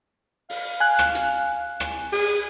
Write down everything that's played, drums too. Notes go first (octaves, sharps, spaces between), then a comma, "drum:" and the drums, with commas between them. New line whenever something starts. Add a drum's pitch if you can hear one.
F5, drum: open hi-hat
G#5 F#6
drum: rim click
drum: hi-hat
drum: rim click
G#4, drum: open hi-hat